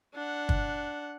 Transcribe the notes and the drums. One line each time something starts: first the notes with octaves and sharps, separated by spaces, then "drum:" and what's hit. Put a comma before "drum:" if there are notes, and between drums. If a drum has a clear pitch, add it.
D4 F#5
drum: kick